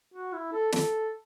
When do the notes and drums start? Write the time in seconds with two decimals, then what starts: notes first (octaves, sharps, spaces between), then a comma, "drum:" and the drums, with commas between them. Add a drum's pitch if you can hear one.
0.14 F#4
0.33 E4
0.53 A4
0.72 A4, drum: snare